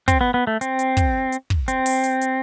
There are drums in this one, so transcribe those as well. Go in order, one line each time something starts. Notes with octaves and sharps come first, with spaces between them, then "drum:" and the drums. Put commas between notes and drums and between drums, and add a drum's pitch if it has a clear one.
C4, drum: kick, hi-hat
B3
B3
A3
C4, drum: hi-hat
drum: hi-hat
drum: kick, hi-hat
drum: hi-hat
drum: kick
C4, drum: hi-hat
drum: open hi-hat
drum: hi-hat
drum: hi-hat